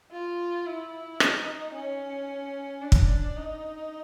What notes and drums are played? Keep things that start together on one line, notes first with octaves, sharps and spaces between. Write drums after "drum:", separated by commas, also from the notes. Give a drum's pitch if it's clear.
F4
E4
D#4, drum: rim click
C#4
D4
drum: kick
D#4